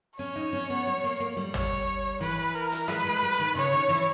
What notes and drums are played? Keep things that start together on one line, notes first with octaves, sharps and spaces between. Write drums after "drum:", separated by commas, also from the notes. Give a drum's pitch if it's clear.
C#4 C#5
D#4
C#4
B3
G3
A#3
A#3
G3
C#5, drum: tom
E3 B4
A#4
drum: hi-hat
G#3 B4, drum: rim click
G#3
G3
D#3
C#3 C#5
D#3
E3